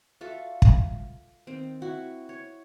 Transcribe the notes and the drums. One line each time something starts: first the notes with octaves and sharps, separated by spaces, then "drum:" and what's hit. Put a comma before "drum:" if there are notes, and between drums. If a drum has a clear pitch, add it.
F4 F#4 A4 E5
drum: kick
D#3 C4
E4 F#4
C#5